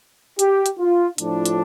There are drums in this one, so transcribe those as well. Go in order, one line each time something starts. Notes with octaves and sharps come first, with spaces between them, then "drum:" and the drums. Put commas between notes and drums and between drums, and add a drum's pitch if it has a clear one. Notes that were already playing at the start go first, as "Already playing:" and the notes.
G4, drum: hi-hat
drum: hi-hat
F4
A2 F3 D4, drum: hi-hat
drum: hi-hat